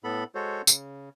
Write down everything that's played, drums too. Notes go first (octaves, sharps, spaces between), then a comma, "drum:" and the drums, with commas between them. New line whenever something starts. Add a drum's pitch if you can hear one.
A2 B3 A4 B5
G#3 F#4 A4 C5 C#5
C#3, drum: tambourine